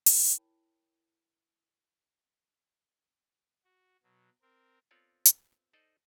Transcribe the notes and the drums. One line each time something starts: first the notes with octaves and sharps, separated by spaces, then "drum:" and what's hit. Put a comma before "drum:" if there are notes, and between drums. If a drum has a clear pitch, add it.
E4 A#4 C#5 G5 A5 B5, drum: open hi-hat
F#4
B2 F#3
C4 A#4
B3 C4 F4 A4 C#5 D5
drum: hi-hat
D#4 A4 C5 D5 D#5